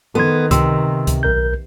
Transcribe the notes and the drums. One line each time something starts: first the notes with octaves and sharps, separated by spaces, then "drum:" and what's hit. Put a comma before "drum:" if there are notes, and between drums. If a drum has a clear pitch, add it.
D#3 B3 A4 C6 G#6
C3 C6 E6, drum: kick C#2, hi-hat
drum: kick C#2, hi-hat
B1 A#4 G6